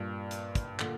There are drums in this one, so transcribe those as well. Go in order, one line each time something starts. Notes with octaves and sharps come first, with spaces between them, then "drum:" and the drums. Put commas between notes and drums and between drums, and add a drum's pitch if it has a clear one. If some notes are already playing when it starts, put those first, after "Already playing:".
Already playing: G2 A#2
drum: hi-hat
drum: kick, hi-hat
A#2 D3, drum: clap